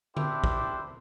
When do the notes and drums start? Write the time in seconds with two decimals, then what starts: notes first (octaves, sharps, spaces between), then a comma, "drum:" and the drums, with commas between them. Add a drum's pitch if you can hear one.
0.17 D4 E4 G4 C5, drum: tom D3
0.44 drum: kick